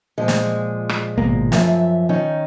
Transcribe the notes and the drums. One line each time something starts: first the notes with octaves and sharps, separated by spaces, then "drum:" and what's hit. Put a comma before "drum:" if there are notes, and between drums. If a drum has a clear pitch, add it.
A#2 F3 G#3
drum: snare
drum: rim click
G#1 B2 A#3
F#2 F3 E5, drum: snare
D#3 C#4 D#4